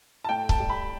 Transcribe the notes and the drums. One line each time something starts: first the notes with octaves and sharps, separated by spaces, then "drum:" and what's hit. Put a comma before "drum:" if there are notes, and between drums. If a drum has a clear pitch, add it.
A5
A2 G5
A5, drum: kick C#1
G3
B5